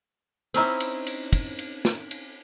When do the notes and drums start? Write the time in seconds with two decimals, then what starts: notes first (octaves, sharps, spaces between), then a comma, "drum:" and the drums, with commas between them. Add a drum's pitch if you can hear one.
0.54 C4 C#4 D#4 E4, drum: cymbal
0.80 drum: cymbal
1.07 drum: cymbal
1.33 drum: kick, cymbal
1.59 drum: cymbal
1.85 drum: snare
2.11 drum: cymbal